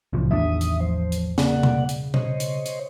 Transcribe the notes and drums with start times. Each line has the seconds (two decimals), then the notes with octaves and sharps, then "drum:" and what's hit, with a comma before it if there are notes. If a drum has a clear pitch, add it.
0.13 C2 A2 E3 F3
0.31 A1 E2 D#3 D4 E5 D#6
0.61 drum: hi-hat
0.81 F3 C5
1.12 drum: hi-hat
1.38 C#3 A#3 D5 F#5, drum: snare
1.63 drum: tom B2
1.89 drum: hi-hat
2.14 C5 C#5 D#5, drum: tom B2
2.40 drum: hi-hat
2.66 drum: hi-hat